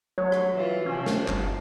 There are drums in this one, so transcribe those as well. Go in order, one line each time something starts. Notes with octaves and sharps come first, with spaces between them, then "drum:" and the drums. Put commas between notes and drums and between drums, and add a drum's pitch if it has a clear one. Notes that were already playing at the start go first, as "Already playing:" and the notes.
F#3 C#5
drum: rim click
E3 F4
C3 F3 C#4
drum: snare
G1, drum: clap